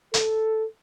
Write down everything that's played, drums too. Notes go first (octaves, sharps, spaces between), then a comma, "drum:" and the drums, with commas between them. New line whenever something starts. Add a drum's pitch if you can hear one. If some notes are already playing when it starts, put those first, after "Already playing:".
A4, drum: hi-hat